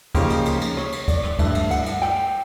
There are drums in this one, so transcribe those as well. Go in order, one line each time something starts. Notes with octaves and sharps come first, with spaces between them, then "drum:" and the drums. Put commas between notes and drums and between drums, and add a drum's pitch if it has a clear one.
C#3 F3 A#3 D#4 G4 C5, drum: kick, cymbal
drum: cymbal
drum: cymbal
drum: cymbal
C#5, drum: rim click
drum: cymbal
D5, drum: kick, cymbal
drum: rim click
G2 E3 A3 E5, drum: kick, cymbal
drum: cymbal
F#5, drum: cymbal
drum: cymbal
G5, drum: rim click